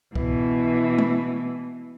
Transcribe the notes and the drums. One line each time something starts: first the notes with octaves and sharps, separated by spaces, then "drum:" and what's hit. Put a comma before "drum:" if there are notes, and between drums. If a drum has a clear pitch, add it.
B2 E3, drum: kick
drum: tom G#3